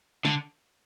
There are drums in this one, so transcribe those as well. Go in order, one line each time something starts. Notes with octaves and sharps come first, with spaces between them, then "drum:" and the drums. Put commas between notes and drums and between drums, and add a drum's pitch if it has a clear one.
D3, drum: snare